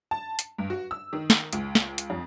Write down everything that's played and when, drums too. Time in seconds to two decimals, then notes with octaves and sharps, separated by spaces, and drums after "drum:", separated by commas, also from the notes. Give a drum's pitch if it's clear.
0.11 A5
0.39 drum: hi-hat
0.58 G2
0.70 F#4
0.91 E6
1.13 D#3
1.30 drum: snare
1.53 C#2, drum: hi-hat
1.75 drum: snare
1.98 drum: hi-hat
2.10 F2